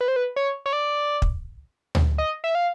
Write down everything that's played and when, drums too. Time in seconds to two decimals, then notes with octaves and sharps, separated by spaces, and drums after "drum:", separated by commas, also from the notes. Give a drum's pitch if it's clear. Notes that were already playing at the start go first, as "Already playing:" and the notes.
0.01 B4
0.08 C5
0.16 B4
0.36 C#5
0.66 C#5
0.73 D5
1.22 drum: kick
1.95 drum: tom D2
2.18 D#5
2.44 E5
2.55 F5